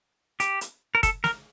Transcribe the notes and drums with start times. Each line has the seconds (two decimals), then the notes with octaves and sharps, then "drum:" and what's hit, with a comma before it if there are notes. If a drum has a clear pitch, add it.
0.40 G4, drum: hi-hat
0.61 drum: hi-hat
0.95 A#4
1.03 A4, drum: kick, hi-hat
1.24 A#4, drum: snare